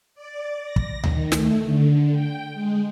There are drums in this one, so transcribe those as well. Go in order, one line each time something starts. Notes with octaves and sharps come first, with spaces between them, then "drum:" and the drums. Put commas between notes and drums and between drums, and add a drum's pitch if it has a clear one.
D5
A#6
drum: kick
D#3, drum: tom D2
A3, drum: snare
D3
G5
G#3